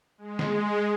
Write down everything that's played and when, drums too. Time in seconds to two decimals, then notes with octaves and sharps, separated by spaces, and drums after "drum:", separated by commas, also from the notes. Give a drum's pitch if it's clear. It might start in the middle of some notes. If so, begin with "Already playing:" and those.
0.18 G#3
0.39 drum: snare